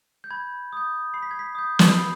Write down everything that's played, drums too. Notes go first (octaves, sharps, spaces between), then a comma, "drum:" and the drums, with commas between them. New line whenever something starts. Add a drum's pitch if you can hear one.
G6
B5 G#6
D#6 G6
B5 C7
B6
G#6
B6
D#6 G6
drum: snare
B5 C7